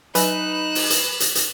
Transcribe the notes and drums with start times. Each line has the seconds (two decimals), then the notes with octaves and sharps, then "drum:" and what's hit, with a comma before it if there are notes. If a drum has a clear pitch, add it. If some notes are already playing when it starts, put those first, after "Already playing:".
0.15 F#3 D#4 B4 G#5 F#6 E7, drum: hi-hat
0.75 drum: open hi-hat
0.90 drum: hi-hat
1.20 drum: hi-hat
1.35 drum: hi-hat